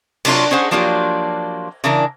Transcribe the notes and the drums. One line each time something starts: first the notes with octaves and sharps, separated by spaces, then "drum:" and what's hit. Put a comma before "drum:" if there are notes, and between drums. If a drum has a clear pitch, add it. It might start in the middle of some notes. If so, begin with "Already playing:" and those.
C3 F#3 D4 F4 C#5, drum: cymbal
C#4 G#4 C5 F#5
F3 F#3 A#3 D4 F4 G4
C#3 E3 D4 E4 A#4